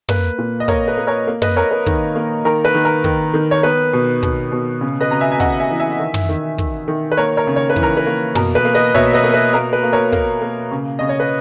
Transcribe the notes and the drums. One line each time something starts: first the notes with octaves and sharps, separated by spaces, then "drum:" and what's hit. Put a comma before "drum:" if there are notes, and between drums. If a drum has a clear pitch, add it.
A#3 B4, drum: tom
A#2
D#5
A#3 A#4 C#5, drum: kick, hi-hat
B4
A#3
A#4 C#5
A#3
B4 D#5, drum: tom
A#3 A#4 C#5
B4
D#3, drum: kick, hi-hat
A#3
D#3 A#4
B4
D#3
A#4
D#3, drum: kick, hi-hat
D#3
C#5
B3 B4
B2
B2, drum: kick, hi-hat
B2
C#3
B4 D#5
C#3 A#5
E5 G#5
G#5
C#3 D#5 F#5, drum: kick, hi-hat
E5 G#5
E3
E5 G#5
D#3
drum: tom
D#3
D#3, drum: kick, hi-hat
D#3
B4
A#3 A#4 C#5
A#4 C#5
C#3
C#5
B4
E3, drum: kick, hi-hat
A#4
B4
A#3
B2 A#4, drum: tom
B4
A#3
B4 D#5
B2 C#5 E5, drum: kick
B4 D#5
A#3
B4
A#3 A#4
B4
A#3
A#4 C#5
A#3, drum: kick, hi-hat
A#3
C#3
C#3 D#5
C#5
B4